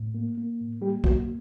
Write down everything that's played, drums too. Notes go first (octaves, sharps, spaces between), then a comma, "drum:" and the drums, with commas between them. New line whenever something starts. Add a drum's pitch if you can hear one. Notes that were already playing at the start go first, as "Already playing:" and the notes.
Already playing: A2
A#3
A#3
A2
G3 A#3 G4
F#3 A#3 F#4, drum: kick